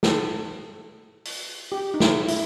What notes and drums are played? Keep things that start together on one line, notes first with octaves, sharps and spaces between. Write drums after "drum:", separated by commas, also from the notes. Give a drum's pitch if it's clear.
A4, drum: snare
drum: open hi-hat
G4
D#4
E4, drum: snare
E4, drum: open hi-hat